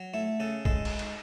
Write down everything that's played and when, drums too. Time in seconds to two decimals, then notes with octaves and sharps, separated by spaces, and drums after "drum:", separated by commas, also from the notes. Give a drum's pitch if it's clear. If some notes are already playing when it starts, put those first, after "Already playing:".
Already playing: F#3
0.14 A3 E4
0.40 C#3 A4
0.65 G#3 A4, drum: kick
0.85 drum: cymbal
0.99 drum: cymbal